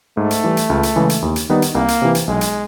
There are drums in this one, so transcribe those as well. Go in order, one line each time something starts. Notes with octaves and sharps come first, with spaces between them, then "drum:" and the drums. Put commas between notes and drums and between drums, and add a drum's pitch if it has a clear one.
G#2 A3
drum: hi-hat
E3 G3
drum: hi-hat
C#2
drum: hi-hat
C#3 E3 G#3
drum: hi-hat
D#2
drum: hi-hat
D#3 G3 B3 D#4
drum: hi-hat
C2 A#3
drum: hi-hat
C3 E3
drum: hi-hat
B1 G#3
drum: hi-hat